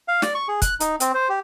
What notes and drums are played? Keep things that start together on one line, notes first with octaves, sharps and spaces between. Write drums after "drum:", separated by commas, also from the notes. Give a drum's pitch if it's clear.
F5
D5, drum: snare
C#6
G#4
F#6, drum: kick, hi-hat
D#4, drum: hi-hat
C4, drum: hi-hat
C5
G4